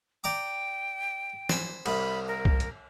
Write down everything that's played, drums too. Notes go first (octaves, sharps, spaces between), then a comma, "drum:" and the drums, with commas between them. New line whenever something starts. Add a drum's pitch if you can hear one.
D5 G5 A#5 D6
C5 G#5 B5, drum: snare
C2 B5, drum: cymbal
A#4
drum: kick C2
drum: hi-hat